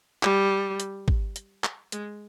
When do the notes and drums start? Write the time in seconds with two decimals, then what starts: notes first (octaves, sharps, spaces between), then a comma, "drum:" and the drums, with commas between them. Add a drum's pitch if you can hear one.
0.23 G3, drum: clap
0.80 drum: hi-hat
1.08 drum: kick
1.36 drum: hi-hat
1.64 drum: clap
1.92 G#3, drum: hi-hat